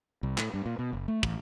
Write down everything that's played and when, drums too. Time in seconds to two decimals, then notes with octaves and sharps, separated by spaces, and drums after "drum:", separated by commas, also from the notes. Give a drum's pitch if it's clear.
0.23 C2
0.38 A2, drum: clap
0.54 G2
0.66 A#2
0.79 B2
0.93 F#1
1.08 A3
1.23 A1, drum: kick